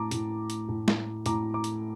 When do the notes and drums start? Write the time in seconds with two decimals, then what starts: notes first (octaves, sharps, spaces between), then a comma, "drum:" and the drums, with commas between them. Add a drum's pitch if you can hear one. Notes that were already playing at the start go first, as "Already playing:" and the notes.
Already playing: A2 A5 A#5 D6
0.11 A2, drum: hi-hat
0.50 drum: hi-hat
0.69 A2
0.88 drum: snare
1.26 A2 A#5 D6, drum: hi-hat
1.54 A#5 D6
1.64 drum: hi-hat